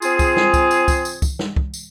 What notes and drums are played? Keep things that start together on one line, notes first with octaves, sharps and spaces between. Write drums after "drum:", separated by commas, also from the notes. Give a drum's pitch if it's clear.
C4 F4 G#4, drum: tambourine
drum: kick, tambourine
drum: snare
drum: kick, tambourine
drum: tambourine
drum: kick, tambourine
drum: tambourine
drum: kick, tambourine
drum: snare
drum: kick
drum: tambourine